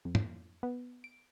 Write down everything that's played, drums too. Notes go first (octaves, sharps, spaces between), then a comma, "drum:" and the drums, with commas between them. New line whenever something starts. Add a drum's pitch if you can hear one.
F2
drum: tom
B3
D7